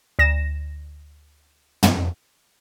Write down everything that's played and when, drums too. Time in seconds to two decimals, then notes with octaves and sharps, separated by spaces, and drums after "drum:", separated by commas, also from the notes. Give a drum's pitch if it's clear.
0.19 D2 A#6 E7
1.83 drum: tom